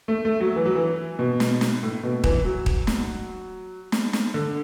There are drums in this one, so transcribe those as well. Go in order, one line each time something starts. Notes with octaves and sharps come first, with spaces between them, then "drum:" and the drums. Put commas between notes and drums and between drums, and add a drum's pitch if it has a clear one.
A3
A3
F#3
E3
F#3
E3
B2
drum: snare
drum: snare
A2
B2
E3, drum: kick
F#3
drum: kick
drum: snare
drum: snare
drum: snare
D3